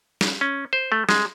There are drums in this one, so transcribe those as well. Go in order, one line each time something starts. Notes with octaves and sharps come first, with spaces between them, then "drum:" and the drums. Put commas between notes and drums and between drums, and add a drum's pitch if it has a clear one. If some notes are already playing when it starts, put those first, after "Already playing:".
drum: snare
C#4
C5
A3
G#3, drum: snare